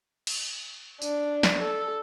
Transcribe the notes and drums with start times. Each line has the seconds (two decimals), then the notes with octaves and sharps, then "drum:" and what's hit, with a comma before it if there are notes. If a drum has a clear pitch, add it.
0.27 drum: cymbal
1.02 D4, drum: tambourine
1.43 drum: snare
1.61 A4